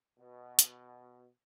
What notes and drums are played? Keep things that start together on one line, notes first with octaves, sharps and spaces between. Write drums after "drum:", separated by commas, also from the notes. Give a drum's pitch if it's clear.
B2
drum: hi-hat